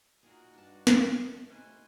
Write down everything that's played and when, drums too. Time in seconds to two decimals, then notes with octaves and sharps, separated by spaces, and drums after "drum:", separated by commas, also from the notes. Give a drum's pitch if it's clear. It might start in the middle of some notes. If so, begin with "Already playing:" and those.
0.23 A#2 D#4 F#4 G#4 A#4
0.54 G2 D4 A5
0.87 drum: snare
1.08 G1 C4 C#6
1.50 E1 A3 D#4 F#4 B4 C5 D#5 G#5